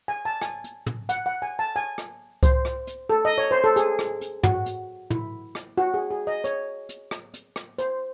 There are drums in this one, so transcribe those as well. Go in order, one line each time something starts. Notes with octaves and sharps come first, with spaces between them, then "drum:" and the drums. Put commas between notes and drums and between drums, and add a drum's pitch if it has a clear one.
G#5
A5
G#5, drum: rim click
drum: hi-hat
drum: tom
F#5, drum: hi-hat
F#5
G#5
A5
G#5
drum: rim click
C5, drum: kick C2, hi-hat
drum: rim click
drum: hi-hat
A4
D#5
C#5
C5
A4
G#4, drum: hi-hat
drum: rim click
drum: hi-hat
F#4, drum: tom
drum: hi-hat
E4, drum: tom
drum: rim click
F#4
G#4
G#4
D#5
C#5, drum: hi-hat
drum: hi-hat
drum: rim click
drum: hi-hat
drum: rim click
C5, drum: hi-hat